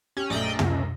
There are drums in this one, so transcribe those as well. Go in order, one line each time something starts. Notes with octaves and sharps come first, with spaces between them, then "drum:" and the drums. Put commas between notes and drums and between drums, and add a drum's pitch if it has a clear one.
C#4 G4 F7
A#1 F#2 A3 D5 D#5 G5
C#2, drum: tom